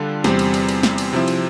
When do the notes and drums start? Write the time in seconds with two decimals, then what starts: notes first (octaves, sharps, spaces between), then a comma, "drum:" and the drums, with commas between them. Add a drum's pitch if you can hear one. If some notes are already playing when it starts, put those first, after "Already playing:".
Already playing: D3 G3 D4 F4 A4
0.24 E2 C3 G3 C4, drum: snare
0.39 drum: cymbal
0.54 drum: cymbal
0.69 drum: cymbal
0.83 drum: snare
0.98 drum: cymbal
1.13 C3 F3 C4 E4
1.28 drum: cymbal